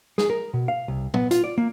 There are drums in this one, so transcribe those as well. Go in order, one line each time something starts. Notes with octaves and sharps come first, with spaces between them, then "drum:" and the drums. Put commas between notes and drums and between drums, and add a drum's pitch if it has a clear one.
G#4, drum: snare
A#4
B2
F5
C2
B3, drum: tom
F4, drum: hi-hat
D5
A#3